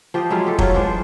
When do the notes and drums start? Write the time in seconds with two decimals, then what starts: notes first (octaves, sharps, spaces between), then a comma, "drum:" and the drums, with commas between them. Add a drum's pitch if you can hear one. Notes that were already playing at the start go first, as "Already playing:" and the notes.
0.14 F3 G4 C5 D#5
0.30 F#3 G#3 E4 F4
0.47 G4 A4
0.59 F#3 F4, drum: kick
0.75 E3 G#3 D4 C5